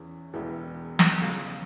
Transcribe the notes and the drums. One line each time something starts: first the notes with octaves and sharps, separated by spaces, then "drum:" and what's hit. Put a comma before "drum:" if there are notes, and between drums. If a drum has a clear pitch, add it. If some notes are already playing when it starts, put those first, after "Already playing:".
Already playing: E2 E3 C#4
E1 E2 E3 G#3
drum: snare
C#2 C#3 G#3